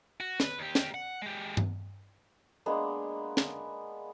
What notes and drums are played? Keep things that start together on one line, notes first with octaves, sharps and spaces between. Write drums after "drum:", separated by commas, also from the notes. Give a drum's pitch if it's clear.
F#4
B4, drum: snare
D#2 G4
drum: snare
F#5
G#3 G4
drum: tom G2
G#3 A#3 B3 D4
drum: snare